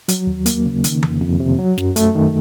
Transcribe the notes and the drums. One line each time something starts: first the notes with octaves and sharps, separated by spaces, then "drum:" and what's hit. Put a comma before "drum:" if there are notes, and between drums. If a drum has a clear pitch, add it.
F#3, drum: hi-hat
D#2
A#3, drum: hi-hat
C#3
D#3, drum: hi-hat
F2, drum: tom D#3
F2
C3
F#3
F#2, drum: snare
A3, drum: hi-hat
D#3